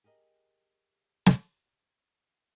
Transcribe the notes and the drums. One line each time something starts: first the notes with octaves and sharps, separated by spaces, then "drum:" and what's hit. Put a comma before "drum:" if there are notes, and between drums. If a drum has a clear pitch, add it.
G4 G#4 A#4 D#5
drum: snare